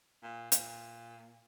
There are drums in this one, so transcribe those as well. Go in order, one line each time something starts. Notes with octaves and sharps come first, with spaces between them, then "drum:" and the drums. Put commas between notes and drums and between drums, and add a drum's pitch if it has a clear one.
A#2
A#2, drum: hi-hat